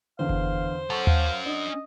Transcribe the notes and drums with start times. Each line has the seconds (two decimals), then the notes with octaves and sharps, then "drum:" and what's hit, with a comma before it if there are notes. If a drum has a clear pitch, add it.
0.19 E2 D3 C5 F5
0.29 drum: kick F#1
0.90 C#4 A4 F#5 A5 C#6
1.07 F5, drum: tom D#2
1.46 D4 D#5